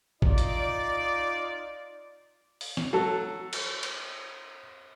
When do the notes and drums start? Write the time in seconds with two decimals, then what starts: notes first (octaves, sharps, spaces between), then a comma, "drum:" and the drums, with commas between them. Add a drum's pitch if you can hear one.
0.22 D#4 F4 D5, drum: kick
0.38 drum: hi-hat
2.61 drum: open hi-hat
2.77 drum: snare
2.93 F#3 A4
3.53 drum: cymbal
3.83 drum: cymbal